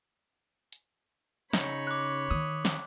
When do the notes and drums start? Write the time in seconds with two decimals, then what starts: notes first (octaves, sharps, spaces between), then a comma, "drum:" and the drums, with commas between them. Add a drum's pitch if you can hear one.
0.73 drum: hi-hat
1.53 C#3 D#4 C#5 B5, drum: snare
1.87 D6 F#6
2.31 D#3 D#6
2.65 drum: snare